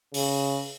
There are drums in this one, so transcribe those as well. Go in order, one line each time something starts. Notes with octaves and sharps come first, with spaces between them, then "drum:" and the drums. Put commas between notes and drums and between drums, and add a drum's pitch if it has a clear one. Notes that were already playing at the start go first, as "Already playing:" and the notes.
C#3, drum: open hi-hat